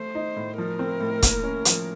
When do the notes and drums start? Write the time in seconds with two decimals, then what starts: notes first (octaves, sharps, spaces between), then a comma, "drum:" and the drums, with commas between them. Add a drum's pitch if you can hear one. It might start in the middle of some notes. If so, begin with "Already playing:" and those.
Already playing: A3 C5
0.15 D#4
0.36 A2
0.58 F3 A#4
0.79 C4
1.00 A2
1.22 A#3, drum: kick, hi-hat
1.43 C#4
1.65 F3, drum: hi-hat